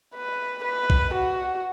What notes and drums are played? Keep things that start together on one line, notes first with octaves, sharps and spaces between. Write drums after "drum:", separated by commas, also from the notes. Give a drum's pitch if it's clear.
B4
B4
drum: kick
F#4